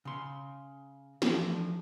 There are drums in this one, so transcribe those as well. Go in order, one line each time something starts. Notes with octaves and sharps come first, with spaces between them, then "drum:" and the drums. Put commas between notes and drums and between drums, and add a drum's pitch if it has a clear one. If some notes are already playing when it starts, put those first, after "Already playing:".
C#3 C6
E3 F3 A3 D4, drum: snare